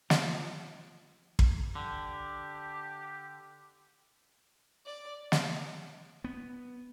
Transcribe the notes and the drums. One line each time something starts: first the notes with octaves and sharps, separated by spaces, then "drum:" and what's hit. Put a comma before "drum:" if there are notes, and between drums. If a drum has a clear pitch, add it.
F3, drum: snare
drum: kick
D3 G4
D5
drum: snare
B3